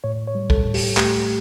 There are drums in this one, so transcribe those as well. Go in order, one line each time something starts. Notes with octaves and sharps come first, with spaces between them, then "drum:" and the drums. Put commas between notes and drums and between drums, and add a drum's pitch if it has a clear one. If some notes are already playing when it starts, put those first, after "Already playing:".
A2 C#5
C#5
G3
A4, drum: kick
A2
G4, drum: open hi-hat
A3 G4, drum: clap